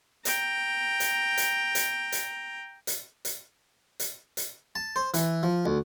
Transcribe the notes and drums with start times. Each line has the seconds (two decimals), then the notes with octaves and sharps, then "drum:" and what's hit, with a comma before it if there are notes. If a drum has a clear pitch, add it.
0.25 G5 A#5, drum: hi-hat
1.00 drum: hi-hat
1.37 drum: hi-hat
1.75 drum: hi-hat
2.12 drum: hi-hat
2.87 drum: hi-hat
3.25 drum: hi-hat
4.00 drum: hi-hat
4.37 drum: hi-hat
4.76 A5
4.96 C5
5.14 E3, drum: hi-hat
5.43 F3
5.66 D2